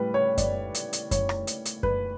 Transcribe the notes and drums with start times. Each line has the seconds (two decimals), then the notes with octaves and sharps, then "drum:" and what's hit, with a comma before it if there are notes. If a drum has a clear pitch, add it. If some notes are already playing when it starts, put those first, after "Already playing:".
Already playing: A2 G3 B4
0.14 C#5
0.38 D5, drum: kick F#2, hi-hat
0.75 drum: hi-hat
0.93 drum: hi-hat
1.11 C#5, drum: kick F#2, hi-hat
1.29 drum: rim click
1.47 drum: hi-hat
1.65 drum: hi-hat
1.83 B4, drum: kick F#2